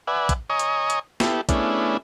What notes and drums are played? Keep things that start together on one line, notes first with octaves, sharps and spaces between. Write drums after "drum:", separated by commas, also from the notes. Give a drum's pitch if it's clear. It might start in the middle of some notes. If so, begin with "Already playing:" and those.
B4 D5 E5 F#5 G#5
drum: kick, hi-hat
C#5 D#5 G#5 A#5 C#6 D#6
drum: hi-hat
drum: hi-hat
B3 E4 G4 A4, drum: snare
A3 B3 C#4 D4 E4 G#4, drum: kick, hi-hat